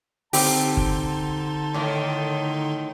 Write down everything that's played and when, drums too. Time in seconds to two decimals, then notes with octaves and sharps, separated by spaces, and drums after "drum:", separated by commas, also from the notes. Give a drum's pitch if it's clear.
0.33 D3 C4 D#4 G4 A5 C6, drum: open hi-hat
0.77 drum: kick
1.74 A2 D#3 A#4